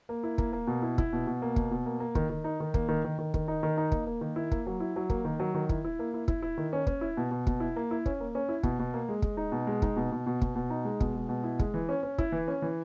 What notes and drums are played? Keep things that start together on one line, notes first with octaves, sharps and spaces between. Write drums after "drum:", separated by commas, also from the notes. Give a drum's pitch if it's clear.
A#3
E4
A#3, drum: kick
A#3
B2
E4
E4, drum: kick
B2
B2
A#3
B2, drum: kick
B2
A#3
A#3
D#3, drum: kick
D#3
D#4
D#3
A#3, drum: kick
D#3
D#3
D#3
D#3, drum: kick
D#4
D#3
D#4
A#3, drum: kick
A#3
D#3
E4
A#3, drum: kick
F#3
E4
F#3
A#3, drum: kick
D#3
F#3
D#3
E4, drum: kick
E4
A#3
E4
E4, drum: kick
E4
D#3
C#4
C#4, drum: kick
E4
B2
B2
B2, drum: kick
E4
A#3
E4
C#4, drum: kick
A#3
C#4
E4
B2, drum: kick
B2
A#3
G#3
G#3, drum: kick
D#4
B2
G#3
D#4, drum: kick
B2
B2
B2
B2, drum: kick
B2
D#4
G#3
B2, drum: kick
G#3
B2
E4
G#3, drum: kick
E3
C#4
C#4
E4, drum: kick
E3
C#4
E3